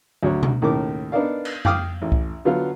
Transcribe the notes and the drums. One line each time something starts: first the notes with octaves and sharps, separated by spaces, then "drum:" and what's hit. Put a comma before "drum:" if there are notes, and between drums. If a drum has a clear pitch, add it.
D2 F#3 C#5
drum: tom B2
D#2 A2 C#3 A#4 D6
B3 D4 D#4 A#4 D5 F5
drum: cymbal
F5 G5 D6 D#6 F6, drum: tom F2
A1
drum: kick C2
D3 F#3 B3 F4 F6